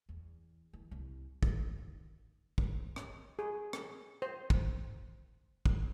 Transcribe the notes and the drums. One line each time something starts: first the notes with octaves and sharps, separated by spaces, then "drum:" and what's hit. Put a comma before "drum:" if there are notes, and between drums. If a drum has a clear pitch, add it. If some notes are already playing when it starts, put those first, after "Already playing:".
E2
E3
C2
G#1, drum: kick
D#3
drum: kick
drum: rim click
G#4
drum: rim click
C5
drum: kick
drum: kick